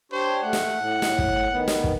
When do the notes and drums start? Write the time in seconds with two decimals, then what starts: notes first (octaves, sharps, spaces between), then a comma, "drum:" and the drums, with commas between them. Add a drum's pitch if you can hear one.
0.12 D4 G4 C5 C#5
0.43 A3 F#5
0.53 drum: snare
0.78 A2
1.02 drum: snare
1.18 drum: kick
1.51 D#3 B3
1.68 drum: snare
1.84 drum: kick